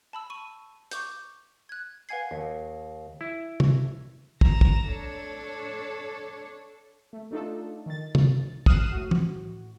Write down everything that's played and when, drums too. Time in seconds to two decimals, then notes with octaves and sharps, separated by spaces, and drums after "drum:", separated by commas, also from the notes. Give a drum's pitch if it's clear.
0.13 A5 B5 E6
0.30 C#6 D#7
0.91 C#6 D6 G6, drum: hi-hat
1.69 F#6 G#6
2.09 B4 F5 F#5 G#5 G#6 C7
2.31 D#2
3.21 E4
3.60 drum: tom
4.41 A#5 E7, drum: kick
4.61 drum: kick
4.88 D4 A4 C#5
7.13 A3
7.31 A3 D4 D#4 F4 A4
7.86 D#3 A6
8.15 drum: tom
8.66 D#6 F6 F#6 C7 D#7 E7, drum: kick
8.92 A2 F#4
9.11 drum: tom